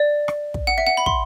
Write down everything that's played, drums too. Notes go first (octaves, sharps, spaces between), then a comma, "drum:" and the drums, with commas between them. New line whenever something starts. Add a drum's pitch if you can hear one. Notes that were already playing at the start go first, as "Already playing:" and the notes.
Already playing: D5
drum: rim click
drum: kick
F#5
E5
F#5
B5
C6, drum: kick